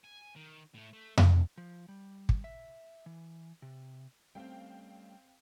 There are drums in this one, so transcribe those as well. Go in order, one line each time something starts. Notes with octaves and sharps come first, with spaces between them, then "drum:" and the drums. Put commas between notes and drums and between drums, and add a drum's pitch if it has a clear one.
G#5
D#3
A2 A3
A3
drum: tom F2
F3
G3
drum: kick
E5
E3
C3
G3 A3 C4 C#4 F5 G5